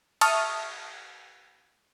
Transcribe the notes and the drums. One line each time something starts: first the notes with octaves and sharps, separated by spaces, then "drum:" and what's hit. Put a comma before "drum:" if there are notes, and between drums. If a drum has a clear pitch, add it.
E5 A5 C#6 D#6 F6, drum: cymbal